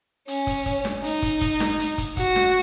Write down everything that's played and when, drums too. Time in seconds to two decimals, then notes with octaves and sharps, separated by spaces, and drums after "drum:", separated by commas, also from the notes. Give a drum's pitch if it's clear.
0.28 C#4, drum: hi-hat
0.47 drum: kick, hi-hat
0.66 drum: kick, hi-hat
0.85 drum: snare D4
1.04 D#4, drum: hi-hat
1.22 drum: kick, hi-hat
1.41 drum: kick, hi-hat
1.60 drum: snare D4
1.79 drum: hi-hat
1.98 drum: kick, hi-hat
2.17 F#4, drum: kick, hi-hat
2.36 drum: snare D4